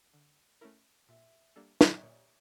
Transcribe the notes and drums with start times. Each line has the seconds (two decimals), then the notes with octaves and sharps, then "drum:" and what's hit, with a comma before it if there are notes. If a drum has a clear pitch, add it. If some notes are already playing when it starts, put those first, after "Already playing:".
0.14 D3
0.61 A3 C#4 E4 A#4
1.09 A#2 E5
1.56 G3 A#3 D4 A4
1.81 drum: snare
1.96 D5
2.02 A#2 C#5